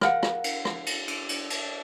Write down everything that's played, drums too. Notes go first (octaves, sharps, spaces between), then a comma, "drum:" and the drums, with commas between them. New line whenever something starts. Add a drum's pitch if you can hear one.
A#4 F5 F#5, drum: rim click
drum: rim click
drum: cymbal
drum: rim click
drum: cymbal
drum: cymbal
drum: cymbal
drum: cymbal